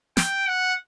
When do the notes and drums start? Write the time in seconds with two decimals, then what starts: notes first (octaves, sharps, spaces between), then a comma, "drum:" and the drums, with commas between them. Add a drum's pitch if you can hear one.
0.17 G5, drum: snare
0.47 F#5